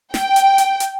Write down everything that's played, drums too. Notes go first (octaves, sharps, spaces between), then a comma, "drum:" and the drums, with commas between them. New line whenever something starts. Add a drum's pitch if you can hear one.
G5, drum: snare
drum: hi-hat
drum: hi-hat
drum: hi-hat